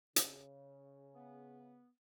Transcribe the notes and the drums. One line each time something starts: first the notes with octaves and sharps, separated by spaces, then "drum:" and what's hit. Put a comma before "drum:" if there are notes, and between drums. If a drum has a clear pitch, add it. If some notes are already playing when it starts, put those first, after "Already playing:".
C#3, drum: hi-hat
B3